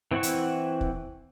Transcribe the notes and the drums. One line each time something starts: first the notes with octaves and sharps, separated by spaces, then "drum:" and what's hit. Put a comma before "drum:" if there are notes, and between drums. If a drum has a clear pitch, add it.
E3 C4 E4 F#5 C#6
drum: hi-hat
drum: kick